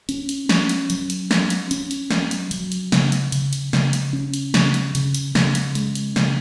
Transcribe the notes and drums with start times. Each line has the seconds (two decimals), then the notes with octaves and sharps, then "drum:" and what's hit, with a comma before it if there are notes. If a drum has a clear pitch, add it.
0.09 C#4, drum: hi-hat
0.29 drum: hi-hat
0.49 C#4, drum: snare
0.69 drum: hi-hat
0.90 F#3, drum: hi-hat
1.10 drum: hi-hat
1.31 C#4, drum: snare
1.50 drum: hi-hat
1.71 C#4, drum: hi-hat
1.91 drum: hi-hat
2.11 F#3, drum: snare
2.31 drum: hi-hat
2.51 F#3, drum: hi-hat
2.72 drum: hi-hat
2.92 C#3, drum: snare
3.12 drum: hi-hat
3.32 C#3, drum: hi-hat
3.53 drum: hi-hat
3.73 C#3, drum: snare
3.93 drum: hi-hat
4.13 C#4
4.34 drum: hi-hat
4.54 C#3, drum: snare
4.74 drum: hi-hat
4.95 C#3, drum: hi-hat
5.15 drum: hi-hat
5.35 C#3, drum: snare
5.55 drum: hi-hat
5.75 G#3, drum: hi-hat
5.95 drum: hi-hat
6.16 C#3, drum: snare